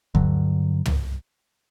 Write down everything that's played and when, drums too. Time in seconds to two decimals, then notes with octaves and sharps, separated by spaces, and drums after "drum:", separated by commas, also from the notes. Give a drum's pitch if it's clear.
0.15 G2 D3 F#3, drum: kick D2
0.85 drum: tom